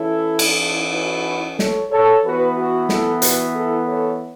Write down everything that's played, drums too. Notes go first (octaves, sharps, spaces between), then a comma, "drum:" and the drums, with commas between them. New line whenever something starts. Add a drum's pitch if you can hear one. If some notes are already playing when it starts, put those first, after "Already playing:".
Already playing: E3 C#4 E4 A4
drum: cymbal
F#4 B4
A4 C#5, drum: snare
A4 C#5
E3 B3 F#4 B4
F#4
E4 A4, drum: snare
F#4 B4, drum: hi-hat
E4 A4
A4 C#5